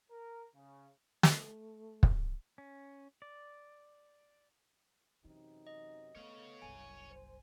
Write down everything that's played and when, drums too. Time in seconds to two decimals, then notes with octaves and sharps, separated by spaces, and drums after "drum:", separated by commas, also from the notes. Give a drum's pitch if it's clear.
0.11 A#4
0.55 C#3
1.23 A3, drum: snare
2.03 drum: kick
2.58 C#4
3.22 D5
5.25 F#2 C3 E3 D#4
5.67 D#5
6.15 A3 B3 A4 C#5 F5
6.62 F#1 C2 G#5
7.11 C5